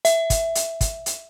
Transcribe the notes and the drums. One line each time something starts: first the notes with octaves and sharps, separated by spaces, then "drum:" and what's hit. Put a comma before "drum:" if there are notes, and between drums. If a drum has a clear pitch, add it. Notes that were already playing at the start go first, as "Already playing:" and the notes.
E5, drum: hi-hat
drum: kick, hi-hat
drum: hi-hat
drum: kick, hi-hat
drum: hi-hat